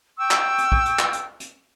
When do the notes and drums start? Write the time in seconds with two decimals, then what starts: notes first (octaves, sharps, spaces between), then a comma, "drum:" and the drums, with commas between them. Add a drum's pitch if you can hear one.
0.17 G5 C#6 E6
0.31 drum: clap
0.58 drum: hi-hat
0.72 drum: kick
0.85 drum: hi-hat
0.99 drum: clap
1.13 drum: hi-hat
1.40 drum: hi-hat